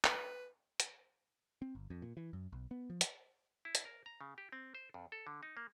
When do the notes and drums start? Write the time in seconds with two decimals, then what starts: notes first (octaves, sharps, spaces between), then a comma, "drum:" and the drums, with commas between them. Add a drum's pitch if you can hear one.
0.05 B4, drum: clap
0.80 drum: hi-hat
1.62 C4
1.75 G1
1.90 F2
2.02 A#2
2.17 E3
2.33 F#2
2.52 B1
2.71 B3
2.90 F3
3.01 drum: hi-hat
3.65 E4
3.75 drum: hi-hat
3.85 A#4
4.06 A#5
4.21 C#3
4.38 G4
4.52 C4
4.75 C5
4.94 F2
5.12 A4
5.27 D3
5.43 D#4
5.57 A#3